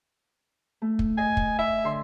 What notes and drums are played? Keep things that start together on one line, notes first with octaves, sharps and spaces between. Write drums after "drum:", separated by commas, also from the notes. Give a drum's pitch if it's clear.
A3
drum: kick
D#5 G#5
drum: kick
E5
D3 C6